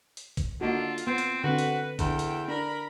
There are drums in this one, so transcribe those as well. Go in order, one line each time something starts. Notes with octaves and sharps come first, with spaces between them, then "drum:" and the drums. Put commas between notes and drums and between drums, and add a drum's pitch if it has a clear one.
drum: hi-hat
drum: kick, hi-hat
D3 A#3 D#4 F4 F#4
drum: hi-hat
B3 C4
drum: hi-hat
D3 C4 F#4 B4
drum: hi-hat
E2 D3 G5, drum: kick, hi-hat
drum: hi-hat
D4 A#4 B5